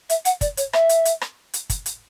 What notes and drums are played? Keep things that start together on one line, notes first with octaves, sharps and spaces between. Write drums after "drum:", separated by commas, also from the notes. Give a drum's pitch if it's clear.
E5, drum: hi-hat
F#5, drum: hi-hat
D5, drum: kick, hi-hat
C#5, drum: hi-hat
E5, drum: rim click
drum: hi-hat
drum: hi-hat
drum: rim click
drum: hi-hat
drum: kick, hi-hat
drum: hi-hat